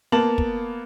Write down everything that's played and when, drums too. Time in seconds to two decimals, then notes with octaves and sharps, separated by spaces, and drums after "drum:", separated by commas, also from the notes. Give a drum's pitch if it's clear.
0.12 A#3 B3 A5 F#7
0.38 drum: kick